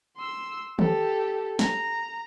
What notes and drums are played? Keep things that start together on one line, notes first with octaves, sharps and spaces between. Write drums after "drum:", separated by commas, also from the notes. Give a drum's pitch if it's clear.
C6 E6
G4 A4, drum: tom
A#5, drum: snare